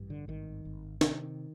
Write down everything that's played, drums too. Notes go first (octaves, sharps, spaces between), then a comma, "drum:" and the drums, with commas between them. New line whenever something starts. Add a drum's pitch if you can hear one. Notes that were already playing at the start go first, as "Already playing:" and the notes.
Already playing: A1 G2
D3
G#1 D#3
G#1
C3 D#3, drum: snare